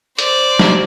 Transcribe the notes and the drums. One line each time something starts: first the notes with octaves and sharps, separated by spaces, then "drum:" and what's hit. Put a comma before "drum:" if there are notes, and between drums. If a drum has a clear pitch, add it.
C5 D5, drum: hi-hat
drum: snare